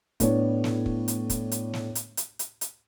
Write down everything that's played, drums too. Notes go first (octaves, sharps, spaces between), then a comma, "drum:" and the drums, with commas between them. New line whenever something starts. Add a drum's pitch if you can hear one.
A2 B3 D4 C#5, drum: kick, hi-hat
drum: snare
drum: kick
drum: hi-hat
drum: kick, hi-hat
drum: hi-hat
drum: snare
drum: hi-hat
drum: hi-hat
drum: hi-hat
drum: hi-hat